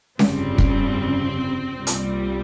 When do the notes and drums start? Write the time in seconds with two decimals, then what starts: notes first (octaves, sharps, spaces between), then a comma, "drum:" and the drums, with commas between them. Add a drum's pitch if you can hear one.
0.19 G1 F2 C#3 G3 C4, drum: snare C#4
0.58 drum: kick
1.75 C2 A#2 G3
1.87 drum: hi-hat